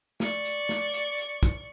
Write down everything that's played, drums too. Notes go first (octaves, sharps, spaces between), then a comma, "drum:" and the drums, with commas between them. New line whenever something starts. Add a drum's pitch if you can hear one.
D5 C#6, drum: snare
drum: hi-hat
drum: snare
drum: hi-hat
drum: hi-hat
drum: kick, hi-hat